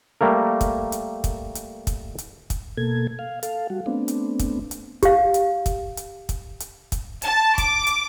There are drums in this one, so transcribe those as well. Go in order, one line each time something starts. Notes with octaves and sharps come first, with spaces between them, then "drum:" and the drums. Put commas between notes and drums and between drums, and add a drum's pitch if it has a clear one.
G3 A3 A#3 A#4
drum: kick, hi-hat
drum: hi-hat
drum: kick, hi-hat
drum: hi-hat
drum: kick, hi-hat
drum: hi-hat
drum: kick, hi-hat
B2 A#3 A4 G#6
F5
A4 F5, drum: hi-hat
G3 F#4
A3 B3 C4 D4
drum: hi-hat
drum: kick, hi-hat
drum: hi-hat
G4 F5, drum: kick, hi-hat
drum: hi-hat
drum: kick, hi-hat
drum: hi-hat
drum: kick, hi-hat
drum: hi-hat
drum: kick, hi-hat
A5, drum: hi-hat
D6, drum: kick, hi-hat
drum: hi-hat